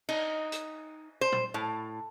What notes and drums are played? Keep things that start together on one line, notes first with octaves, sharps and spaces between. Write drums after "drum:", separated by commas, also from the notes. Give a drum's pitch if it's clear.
D#4, drum: cymbal
drum: hi-hat
C5
drum: tom
A2